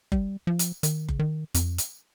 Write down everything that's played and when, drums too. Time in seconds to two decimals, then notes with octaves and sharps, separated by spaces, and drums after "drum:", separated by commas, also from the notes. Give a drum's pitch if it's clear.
0.12 G3, drum: kick F#1
0.47 F3
0.59 drum: hi-hat
0.83 D#3, drum: hi-hat
1.09 C#3, drum: kick F#1
1.19 D#3
1.54 F2, drum: hi-hat
1.78 drum: hi-hat